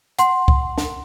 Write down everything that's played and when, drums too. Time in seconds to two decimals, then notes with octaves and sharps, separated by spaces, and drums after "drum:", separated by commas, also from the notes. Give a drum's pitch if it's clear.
0.19 F#5 C6, drum: hi-hat
0.48 drum: kick C2
0.78 drum: snare